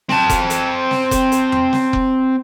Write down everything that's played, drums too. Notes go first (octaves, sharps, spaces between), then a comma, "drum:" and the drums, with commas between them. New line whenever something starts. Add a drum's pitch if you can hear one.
C4 A5, drum: snare
drum: kick F1, hi-hat
drum: hi-hat
drum: snare
drum: kick F1, hi-hat
drum: hi-hat
drum: tom E2
drum: snare
drum: kick F1